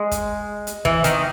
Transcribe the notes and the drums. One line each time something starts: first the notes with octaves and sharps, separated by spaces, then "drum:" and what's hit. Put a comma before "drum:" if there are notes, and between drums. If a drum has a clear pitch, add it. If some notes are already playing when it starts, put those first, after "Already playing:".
Already playing: G#3
drum: kick, hi-hat
drum: hi-hat
E3, drum: kick
D#3, drum: hi-hat